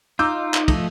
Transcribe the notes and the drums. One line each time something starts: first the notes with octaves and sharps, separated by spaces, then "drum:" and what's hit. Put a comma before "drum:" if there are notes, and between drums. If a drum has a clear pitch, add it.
D#4 F4 D6 E6 G6
drum: clap
F3 A3 D#5, drum: kick, cymbal